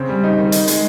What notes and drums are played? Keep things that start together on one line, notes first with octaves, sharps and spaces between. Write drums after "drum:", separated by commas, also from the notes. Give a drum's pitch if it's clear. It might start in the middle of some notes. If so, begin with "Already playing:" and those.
Already playing: C#3 C4
G3
D#4
D#3
D#4, drum: hi-hat
G#3, drum: hi-hat